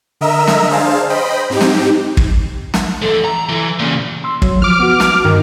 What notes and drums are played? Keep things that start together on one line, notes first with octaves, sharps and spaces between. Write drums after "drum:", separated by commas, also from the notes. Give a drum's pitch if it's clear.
D3 A#4 D#5 E5 A#5 E6
drum: snare
D4 G#4 C5 F5 A5
C5 D#5 G5 B5
G#2 C4 D#4 G4
drum: snare
drum: kick
drum: snare
E3 A4
A#5
E3
A#2 C#3
C6 E6
F#3, drum: kick
F3 D6 F6
B3 F#4
drum: snare
G2 D#3